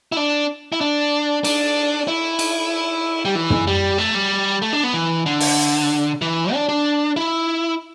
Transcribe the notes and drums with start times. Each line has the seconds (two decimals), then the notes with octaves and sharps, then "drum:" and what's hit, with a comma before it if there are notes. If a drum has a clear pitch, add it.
0.12 E4
0.17 D4
0.72 E4
0.81 D4
1.44 D4, drum: cymbal
2.08 E4
2.39 drum: cymbal
3.25 G3
3.35 E3
3.50 drum: tom
3.67 G3
3.98 A3
4.14 G3
4.62 A3
4.73 D4
4.83 B3
4.94 E3
5.26 D3
5.40 drum: open hi-hat
6.22 E3
6.53 D4
6.69 D4
7.16 E4